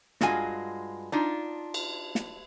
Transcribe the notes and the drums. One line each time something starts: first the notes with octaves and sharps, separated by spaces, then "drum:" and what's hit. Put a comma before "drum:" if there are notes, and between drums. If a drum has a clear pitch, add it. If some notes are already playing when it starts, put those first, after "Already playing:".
G2 G#3 F4 F#4 G#5, drum: snare
D4 D#4 F4
drum: cymbal
drum: snare